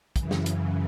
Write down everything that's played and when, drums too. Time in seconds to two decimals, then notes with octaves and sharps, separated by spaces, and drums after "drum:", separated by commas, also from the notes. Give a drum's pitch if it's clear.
0.16 F#2 C#3 E3, drum: kick, hi-hat
0.31 drum: snare
0.46 drum: hi-hat